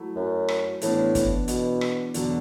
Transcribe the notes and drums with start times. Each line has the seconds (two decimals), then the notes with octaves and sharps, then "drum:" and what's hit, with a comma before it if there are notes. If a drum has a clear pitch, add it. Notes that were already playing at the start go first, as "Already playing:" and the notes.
Already playing: F#3 A3 E4
0.16 F#2
0.48 drum: rim click
0.81 A2 E3 B3 D4, drum: hi-hat
1.15 drum: kick, hi-hat
1.48 B2, drum: hi-hat
1.81 drum: rim click
2.14 E2 B2 D3 F#3 D4 A4, drum: hi-hat